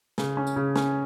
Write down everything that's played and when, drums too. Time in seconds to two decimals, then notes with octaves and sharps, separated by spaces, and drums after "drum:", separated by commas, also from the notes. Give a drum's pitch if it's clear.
0.18 C#3, drum: snare
0.37 C#4
0.47 drum: tambourine
0.56 C#3
0.76 C#4, drum: snare